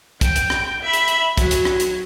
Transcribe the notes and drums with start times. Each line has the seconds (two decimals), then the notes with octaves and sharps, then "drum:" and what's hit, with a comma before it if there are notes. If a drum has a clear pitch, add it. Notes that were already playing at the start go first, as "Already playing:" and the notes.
0.21 G5, drum: kick, hi-hat
0.36 drum: hi-hat
0.50 drum: rim click
0.83 E5 B5
0.93 drum: hi-hat
1.08 drum: hi-hat
1.37 F#3, drum: kick, hi-hat
1.51 drum: hi-hat
1.65 drum: rim click
1.80 drum: hi-hat